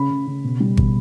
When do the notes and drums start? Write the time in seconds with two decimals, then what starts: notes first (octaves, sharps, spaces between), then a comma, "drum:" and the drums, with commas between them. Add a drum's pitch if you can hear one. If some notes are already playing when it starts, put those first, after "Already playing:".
Already playing: C#3 B5
0.10 C#3
0.27 C#3
0.44 B2
0.60 G3
0.77 B2, drum: kick G#1